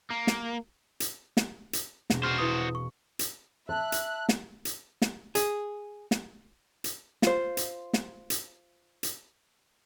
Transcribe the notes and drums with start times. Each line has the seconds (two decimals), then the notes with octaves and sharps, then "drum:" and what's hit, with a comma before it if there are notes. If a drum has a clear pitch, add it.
0.10 A#3
0.27 drum: snare
1.00 drum: hi-hat
1.37 drum: snare
1.73 drum: hi-hat
2.10 E1 B2 C4, drum: snare
2.23 F#4 C5 F6
2.38 E4 B4 D#6
2.75 C#6
3.19 drum: hi-hat
3.69 E5 A5 F#6
3.92 drum: hi-hat
4.29 drum: snare
4.65 drum: hi-hat
5.02 drum: snare
5.35 G#4, drum: hi-hat
6.11 drum: snare
6.84 drum: hi-hat
7.22 F4 C5, drum: snare
7.57 drum: hi-hat
7.93 drum: snare
8.30 drum: hi-hat
9.03 drum: hi-hat